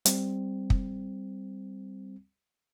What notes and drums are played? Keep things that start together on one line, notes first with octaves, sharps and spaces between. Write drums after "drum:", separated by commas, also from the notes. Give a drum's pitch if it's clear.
G3 C4, drum: hi-hat
drum: kick